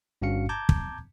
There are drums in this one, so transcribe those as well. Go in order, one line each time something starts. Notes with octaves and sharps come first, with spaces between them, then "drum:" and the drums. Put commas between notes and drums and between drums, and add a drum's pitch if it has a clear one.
G1 G2 C#4 F#4 F5 C#7
A5 A#5 D6 G6 G#6
drum: kick